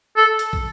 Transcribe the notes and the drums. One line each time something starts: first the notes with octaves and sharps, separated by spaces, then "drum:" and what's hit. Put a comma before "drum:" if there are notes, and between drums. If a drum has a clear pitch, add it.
A4
drum: hi-hat
drum: kick